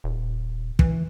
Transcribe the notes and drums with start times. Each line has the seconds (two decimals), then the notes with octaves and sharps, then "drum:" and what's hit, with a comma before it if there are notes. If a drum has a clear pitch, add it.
0.04 D#1
0.79 E3, drum: kick